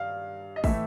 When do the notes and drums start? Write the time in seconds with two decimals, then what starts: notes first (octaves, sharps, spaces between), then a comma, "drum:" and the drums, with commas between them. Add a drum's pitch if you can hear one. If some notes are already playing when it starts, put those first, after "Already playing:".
Already playing: G2 F5
0.56 D#5
0.64 A2 E3 A3 E5, drum: kick, open hi-hat